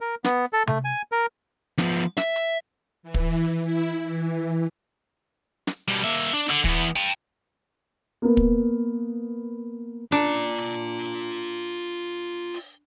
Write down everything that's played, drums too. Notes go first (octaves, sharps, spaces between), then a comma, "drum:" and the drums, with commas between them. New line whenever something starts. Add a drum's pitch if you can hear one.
A#4
B3, drum: snare
A4
A3, drum: tom C3
G#5
A#4
F3 B3, drum: snare
E5, drum: snare
drum: hi-hat
E3
drum: kick
E4
E3
drum: snare
B2 G3
A#3 E5
D4
D3, drum: rim click
E3 B3, drum: kick
G5 A5
A#3 B3
drum: kick
D4 F4 A#5, drum: hi-hat
drum: hi-hat
drum: open hi-hat